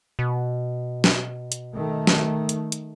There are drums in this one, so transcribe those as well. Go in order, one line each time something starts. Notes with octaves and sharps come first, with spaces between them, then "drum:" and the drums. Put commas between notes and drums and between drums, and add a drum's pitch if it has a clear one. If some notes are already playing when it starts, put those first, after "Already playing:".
B2
drum: snare
drum: hi-hat
D#3 A3
drum: snare
drum: hi-hat
drum: hi-hat